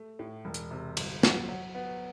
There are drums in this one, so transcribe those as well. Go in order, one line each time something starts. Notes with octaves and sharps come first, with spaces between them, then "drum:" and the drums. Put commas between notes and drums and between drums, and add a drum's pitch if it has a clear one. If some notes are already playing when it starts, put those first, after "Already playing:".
Already playing: A3
A2
E1
drum: hi-hat
C3
G1, drum: cymbal
F#3, drum: snare
F#3
B3